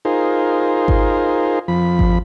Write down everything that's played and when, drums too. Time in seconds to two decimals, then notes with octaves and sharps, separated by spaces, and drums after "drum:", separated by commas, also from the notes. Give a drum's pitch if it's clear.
0.05 D#4 F4 G#4 A#4 C5
0.88 drum: kick G#1
1.68 F2 F3 B5
1.99 drum: kick G#1